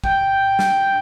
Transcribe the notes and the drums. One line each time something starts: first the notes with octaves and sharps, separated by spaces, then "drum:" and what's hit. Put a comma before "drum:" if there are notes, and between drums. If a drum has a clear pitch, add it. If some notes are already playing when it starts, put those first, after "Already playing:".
G5, drum: kick
drum: snare